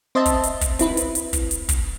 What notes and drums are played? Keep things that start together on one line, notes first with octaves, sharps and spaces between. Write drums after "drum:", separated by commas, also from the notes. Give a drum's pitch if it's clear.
C4 C5 D#5 E5 A5
drum: kick, hi-hat
drum: hi-hat
drum: kick, hi-hat
C4 E4 B4, drum: hi-hat
drum: hi-hat
drum: hi-hat
drum: kick, hi-hat
drum: hi-hat
drum: kick, hi-hat